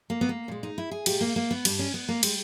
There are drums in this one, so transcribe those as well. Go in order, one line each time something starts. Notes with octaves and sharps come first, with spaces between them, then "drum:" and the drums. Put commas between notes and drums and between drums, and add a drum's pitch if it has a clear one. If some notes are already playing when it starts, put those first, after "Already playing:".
A#3
B3
A#3
A#2 G#3
D#4
E4
G#4
A#2 G#3 G4, drum: cymbal
A#3
A#3
B3
G2 G3, drum: cymbal
C#4
B3
A#3
G3 G#3, drum: cymbal